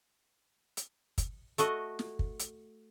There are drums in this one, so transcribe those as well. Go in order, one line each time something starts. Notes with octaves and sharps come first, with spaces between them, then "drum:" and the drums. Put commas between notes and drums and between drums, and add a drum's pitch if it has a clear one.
drum: hi-hat
drum: kick, hi-hat
A3 F#4 D#5, drum: hi-hat
drum: snare
drum: kick
drum: hi-hat